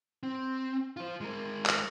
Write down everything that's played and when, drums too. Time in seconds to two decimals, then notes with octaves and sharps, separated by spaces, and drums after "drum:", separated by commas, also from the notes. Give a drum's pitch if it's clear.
0.23 C4
0.97 F4 C5
1.21 G#3 A#4
1.66 drum: clap